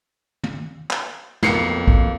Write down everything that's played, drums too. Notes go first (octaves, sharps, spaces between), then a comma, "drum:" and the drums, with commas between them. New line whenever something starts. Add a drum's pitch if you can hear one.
drum: tom
drum: clap
B1 F2 A#3 B3 C7 C#7, drum: snare
drum: kick